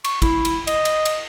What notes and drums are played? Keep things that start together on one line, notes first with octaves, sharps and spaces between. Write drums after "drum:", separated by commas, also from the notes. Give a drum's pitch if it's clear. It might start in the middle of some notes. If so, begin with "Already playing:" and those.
C#6, drum: cymbal
E4, drum: kick, cymbal
drum: cymbal
D#5, drum: cymbal
drum: cymbal
drum: cymbal